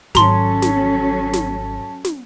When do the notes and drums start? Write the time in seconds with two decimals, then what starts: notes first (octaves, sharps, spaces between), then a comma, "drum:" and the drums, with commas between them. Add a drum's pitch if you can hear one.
0.15 G#1 F#3 C#4 A4 A5 A#5 C6, drum: snare
0.62 drum: snare
1.33 drum: snare
2.05 drum: snare